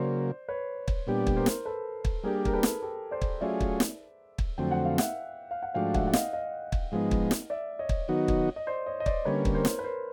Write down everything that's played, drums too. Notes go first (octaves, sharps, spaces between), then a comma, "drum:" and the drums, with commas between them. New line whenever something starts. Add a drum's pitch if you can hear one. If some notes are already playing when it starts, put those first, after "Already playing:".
Already playing: C#3 F#3 A#3 C5 D5
B4 C#5
drum: kick
A#2 G3 B3 D4 G4
drum: kick
A#4 C5
drum: snare
A4 B4
drum: kick
G3 A#3 D4 G4 G#4 A#4
A#4, drum: kick
A4 B4
drum: snare
G4 A4
C5 D5
drum: kick
F#3 A3 C#4 F4 G#4 D5 E5
drum: kick
drum: snare
drum: kick
F2 D3 F#3 A3 C4 G5
F#5
F5
E5 F#5, drum: snare
F5
F#5
G#2 F3 A3 D4 F#4 F5 G5
E5 F#5, drum: kick
F#5
D#5 F5, drum: snare
D#5 F5
drum: kick
G#2 F3 G#3 B3 D#4
drum: kick
drum: snare
D5 E5
C#5 D#5
drum: kick
D#3 F#3 B3 D#4 F#4
drum: kick
D#5
C5 D5
C#5 D#5
D#5
C5 D5, drum: kick
D3 G3 A#3 C#4 B4 C#5
drum: kick
A#4 C5
drum: snare
B4
A#4 C5